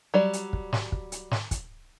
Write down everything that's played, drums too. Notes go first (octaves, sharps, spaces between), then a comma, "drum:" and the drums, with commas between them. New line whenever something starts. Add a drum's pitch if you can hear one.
F#3 G3 D5
drum: hi-hat
drum: kick
drum: snare
drum: kick
drum: hi-hat
drum: snare
drum: kick, hi-hat